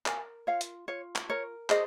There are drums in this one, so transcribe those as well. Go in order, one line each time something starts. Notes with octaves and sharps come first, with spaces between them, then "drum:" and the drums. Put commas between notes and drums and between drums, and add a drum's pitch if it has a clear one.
A#4 F5 G#5, drum: clap
F4 C#5 F5
drum: hi-hat
F4 C#5
drum: clap
A#4 C#5
G#4 C5 D#5, drum: clap